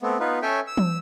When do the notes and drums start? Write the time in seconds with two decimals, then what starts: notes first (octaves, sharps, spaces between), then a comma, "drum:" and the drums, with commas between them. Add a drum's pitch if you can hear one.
0.02 A3 B3 C4
0.20 B3 D#4 F4 B4
0.42 C#4 A4 C#5 E5 G5 G#5
0.67 E6
0.77 drum: tom E3